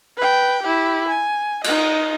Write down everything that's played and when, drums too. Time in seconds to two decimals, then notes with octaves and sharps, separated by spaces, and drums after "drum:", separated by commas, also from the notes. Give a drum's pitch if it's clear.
0.17 B4 G5
0.63 E4 G4
1.08 G#5
1.64 D#4 D#5, drum: cymbal